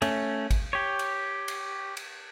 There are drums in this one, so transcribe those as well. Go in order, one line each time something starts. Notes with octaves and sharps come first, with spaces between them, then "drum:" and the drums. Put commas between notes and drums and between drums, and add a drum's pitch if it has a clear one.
A3 C#4, drum: cymbal
drum: kick, cymbal
G4 C#5
drum: cymbal
drum: cymbal
drum: cymbal